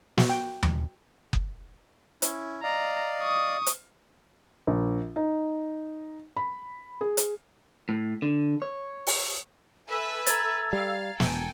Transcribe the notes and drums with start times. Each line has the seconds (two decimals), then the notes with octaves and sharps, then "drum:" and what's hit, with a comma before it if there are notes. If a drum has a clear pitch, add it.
0.18 F#4, drum: snare
0.29 G5
0.63 drum: tom D#2
1.33 drum: kick F#1
2.22 C#4 E4, drum: hi-hat
2.63 D5 D#5 F5 A#5
3.21 C#6 D#6
3.66 drum: hi-hat
4.67 A#1
5.16 D#4
6.37 B5
7.01 G#4
7.17 drum: hi-hat
7.89 A2
8.22 D3
8.62 C#5
9.07 drum: open hi-hat
9.90 A4 B4 E5 G#5 E6
10.26 A#5 G#6 A6, drum: hi-hat
10.73 G3 F5
11.20 E1 A4 G5 G#5, drum: snare